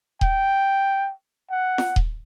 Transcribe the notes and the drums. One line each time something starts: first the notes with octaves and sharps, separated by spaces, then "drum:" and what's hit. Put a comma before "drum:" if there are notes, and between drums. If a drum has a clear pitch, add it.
G5, drum: kick D#1
F#5
drum: snare
drum: kick D#1